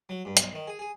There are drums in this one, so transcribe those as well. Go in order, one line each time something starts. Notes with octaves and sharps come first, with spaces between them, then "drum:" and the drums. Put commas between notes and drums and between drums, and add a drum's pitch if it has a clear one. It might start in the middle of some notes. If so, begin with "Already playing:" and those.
F#3
G2
B1, drum: hi-hat
D#3
G#4
G#4